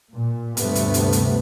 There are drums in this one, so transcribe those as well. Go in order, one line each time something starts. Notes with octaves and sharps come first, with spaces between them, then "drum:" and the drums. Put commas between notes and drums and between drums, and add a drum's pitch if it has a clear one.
A#2
D2 G2 C3 G3 A3 B3, drum: hi-hat
drum: hi-hat
drum: hi-hat
drum: hi-hat